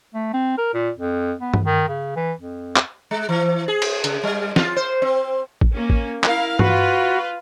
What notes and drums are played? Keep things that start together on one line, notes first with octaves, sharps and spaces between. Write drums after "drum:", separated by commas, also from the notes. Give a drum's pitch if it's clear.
A3
C4
A#4
A#2
F2
B3
drum: tom G2
D#3
C#3
E3
F2
drum: clap
G#3
E3
G#4
drum: cymbal
C#3, drum: hi-hat
G3
F4, drum: snare
C5
C4
drum: kick
A#3 C#4
drum: kick
E4 A#4 F5, drum: clap
F4 F#4 B4, drum: tom G2